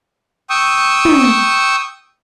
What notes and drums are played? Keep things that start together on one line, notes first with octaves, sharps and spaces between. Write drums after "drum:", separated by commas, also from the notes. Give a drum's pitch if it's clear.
G5 C#6 D#6 E6
drum: tom